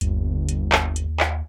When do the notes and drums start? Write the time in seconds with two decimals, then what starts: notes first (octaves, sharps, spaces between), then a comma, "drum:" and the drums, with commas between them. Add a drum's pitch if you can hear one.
0.01 G1 D#2, drum: hi-hat
0.49 drum: hi-hat
0.72 drum: clap
0.96 drum: hi-hat
1.20 drum: clap